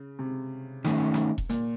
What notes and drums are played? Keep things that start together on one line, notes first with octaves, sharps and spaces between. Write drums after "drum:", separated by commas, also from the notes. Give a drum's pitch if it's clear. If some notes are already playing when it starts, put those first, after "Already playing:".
Already playing: C#3
C3
D#3 A3 C#4, drum: snare
drum: snare
drum: kick E1
A#2, drum: hi-hat